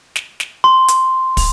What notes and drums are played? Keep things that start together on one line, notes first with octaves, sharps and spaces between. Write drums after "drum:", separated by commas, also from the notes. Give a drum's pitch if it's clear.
drum: snare
drum: snare
C6
drum: hi-hat
drum: kick, open hi-hat